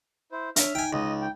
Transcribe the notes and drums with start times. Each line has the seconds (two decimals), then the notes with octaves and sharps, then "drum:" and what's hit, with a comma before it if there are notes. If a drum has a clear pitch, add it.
0.32 E4 C5
0.56 D4 C#5 E5 F6, drum: hi-hat
0.75 D#4 G5 G#5
0.93 C#2 D#4 D#5
1.22 G5